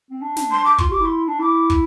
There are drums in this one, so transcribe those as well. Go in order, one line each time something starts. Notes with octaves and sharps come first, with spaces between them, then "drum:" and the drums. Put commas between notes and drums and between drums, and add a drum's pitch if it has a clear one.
C4
D4
drum: snare
C6
D6
F4 C6, drum: kick
G4 D6
E4 C6
D4
E4 D6
drum: kick